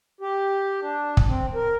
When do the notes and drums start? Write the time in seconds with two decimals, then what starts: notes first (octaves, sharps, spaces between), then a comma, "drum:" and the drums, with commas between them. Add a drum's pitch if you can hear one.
0.21 G4
0.81 D4
1.17 drum: kick
1.27 C4
1.55 A#4